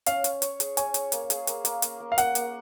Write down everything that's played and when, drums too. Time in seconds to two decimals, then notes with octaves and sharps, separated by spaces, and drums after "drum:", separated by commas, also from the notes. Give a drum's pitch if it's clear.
0.06 C#4 F5, drum: hi-hat
0.24 C#5, drum: hi-hat
0.42 C#5, drum: hi-hat
0.60 G#4, drum: hi-hat
0.77 C#5 G#5, drum: hi-hat
0.94 G#4, drum: hi-hat
1.12 A#3, drum: hi-hat
1.30 G#4, drum: hi-hat
1.47 A#3, drum: hi-hat
1.65 A#3, drum: hi-hat
1.82 A#3, drum: hi-hat
2.00 A#3
2.12 F5
2.18 A#3 F#5, drum: hi-hat
2.35 A#3, drum: hi-hat